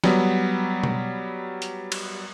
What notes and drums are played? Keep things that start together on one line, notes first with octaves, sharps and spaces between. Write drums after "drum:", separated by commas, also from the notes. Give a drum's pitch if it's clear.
F#3 G3 B3, drum: snare
drum: tom B2
drum: hi-hat
drum: cymbal